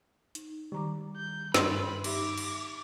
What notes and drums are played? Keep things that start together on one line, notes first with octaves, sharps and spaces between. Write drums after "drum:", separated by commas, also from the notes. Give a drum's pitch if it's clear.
D#4, drum: hi-hat
D#3 G3 A#5 D6
G6
G2 B5 C6, drum: snare
D#4 G4 E5 D6, drum: cymbal
drum: cymbal